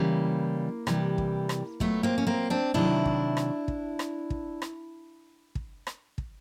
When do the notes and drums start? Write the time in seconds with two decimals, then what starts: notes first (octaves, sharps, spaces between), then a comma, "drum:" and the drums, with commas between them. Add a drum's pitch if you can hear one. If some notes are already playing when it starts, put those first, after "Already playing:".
Already playing: C#3 E3 G3 A#3
0.87 C3 E3 G3, drum: rim click
1.18 drum: kick
1.49 drum: rim click
1.80 A#2 F#3 A3 B3, drum: kick
2.03 A#3 C4
2.18 C#4
2.27 A#3 C4
2.50 C4 D4
2.74 C3 D#3 F#3 D4 E4
3.05 drum: kick
3.37 drum: rim click
3.68 drum: kick
3.99 drum: rim click
4.30 drum: kick
4.62 drum: rim click
5.55 drum: kick
5.87 drum: rim click
6.18 drum: kick